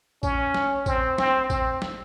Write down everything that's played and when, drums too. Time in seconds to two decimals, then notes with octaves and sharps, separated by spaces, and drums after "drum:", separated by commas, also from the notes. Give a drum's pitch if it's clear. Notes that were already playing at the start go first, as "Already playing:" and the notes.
0.23 C#4, drum: kick A#1, tambourine
0.54 drum: snare
0.86 C4, drum: kick A#1, tambourine
1.18 C4, drum: snare
1.50 C4, drum: kick A#1, tambourine
1.82 drum: snare